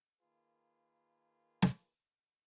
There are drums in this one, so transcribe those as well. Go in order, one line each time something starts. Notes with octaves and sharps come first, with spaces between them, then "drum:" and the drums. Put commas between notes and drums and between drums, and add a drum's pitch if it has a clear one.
D#3 A#3 F4 G#4 B4
drum: snare